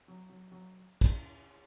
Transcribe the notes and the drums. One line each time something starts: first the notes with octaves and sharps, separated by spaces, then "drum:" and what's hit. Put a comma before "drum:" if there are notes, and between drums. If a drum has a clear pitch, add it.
F#3
F#3
F#3
drum: kick, cymbal